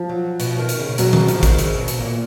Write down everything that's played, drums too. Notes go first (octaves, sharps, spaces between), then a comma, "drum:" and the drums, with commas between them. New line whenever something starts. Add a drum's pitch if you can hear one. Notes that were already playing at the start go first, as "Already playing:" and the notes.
Already playing: F3
F#3
B2, drum: hi-hat
D#3
drum: hi-hat
C#3
C#3
B2 F#3, drum: hi-hat
C#3, drum: tom D#3
F3, drum: hi-hat
C#3
D#3, drum: kick A1, hi-hat
C#3, drum: hi-hat
B2
drum: hi-hat
A#2